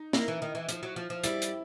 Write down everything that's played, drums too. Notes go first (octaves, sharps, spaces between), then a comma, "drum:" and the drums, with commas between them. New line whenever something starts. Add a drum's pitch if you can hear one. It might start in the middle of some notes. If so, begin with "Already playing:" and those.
Already playing: D#4
A#3 E4, drum: snare
E3
D#3
E3
F3, drum: hi-hat
F#3
F3
F3
G3 E4, drum: hi-hat
drum: hi-hat